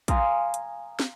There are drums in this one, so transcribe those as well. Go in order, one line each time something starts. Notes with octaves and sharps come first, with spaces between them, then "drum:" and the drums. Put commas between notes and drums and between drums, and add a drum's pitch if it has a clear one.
F5 G#5 A#5 C6 D#6 F6, drum: kick A#1, hi-hat
drum: hi-hat
drum: snare